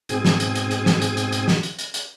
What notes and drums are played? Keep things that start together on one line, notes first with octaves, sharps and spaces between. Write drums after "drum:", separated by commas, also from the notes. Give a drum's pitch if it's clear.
G#2 B2 C4 G#4 G#5, drum: hi-hat
drum: snare
drum: hi-hat
drum: hi-hat
drum: hi-hat
drum: snare
drum: hi-hat
drum: hi-hat
drum: hi-hat
drum: snare
drum: hi-hat
drum: hi-hat
drum: hi-hat